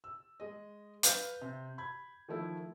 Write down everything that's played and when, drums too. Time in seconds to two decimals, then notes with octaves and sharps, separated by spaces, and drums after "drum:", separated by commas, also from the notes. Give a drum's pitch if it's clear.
0.04 E6
0.40 G#3 D#5
1.03 B4 F5 F6 G6, drum: hi-hat
1.41 C3
1.78 B5 G#6
2.28 D#3 F3 A3 E4